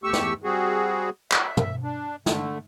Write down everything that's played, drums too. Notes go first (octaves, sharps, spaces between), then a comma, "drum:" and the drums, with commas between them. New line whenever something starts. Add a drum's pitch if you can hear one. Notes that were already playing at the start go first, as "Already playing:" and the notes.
E2 A3 G4 C#6 E6
drum: snare
G3 C4 F#4 G#4
E5, drum: clap
drum: tom
D4
D3 A3, drum: snare